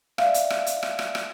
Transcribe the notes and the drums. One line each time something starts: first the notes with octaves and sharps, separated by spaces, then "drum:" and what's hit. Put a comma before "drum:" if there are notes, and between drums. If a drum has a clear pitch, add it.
D5 E5 F5, drum: rim click
drum: hi-hat
drum: rim click
drum: hi-hat
drum: rim click
drum: rim click
drum: rim click